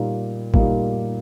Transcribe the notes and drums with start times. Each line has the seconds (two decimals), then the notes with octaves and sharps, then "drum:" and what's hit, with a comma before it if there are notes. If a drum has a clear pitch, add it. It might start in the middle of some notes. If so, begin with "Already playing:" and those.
Already playing: A#2 G3 A#3 D#4
0.54 A#2 G3 A#3 D#4, drum: kick G#1